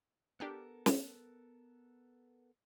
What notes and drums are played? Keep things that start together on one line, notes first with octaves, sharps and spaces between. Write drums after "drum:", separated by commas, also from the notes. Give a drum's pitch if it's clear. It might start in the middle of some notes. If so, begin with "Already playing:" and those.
B3 D4 G4 A4 A#4 F6
drum: snare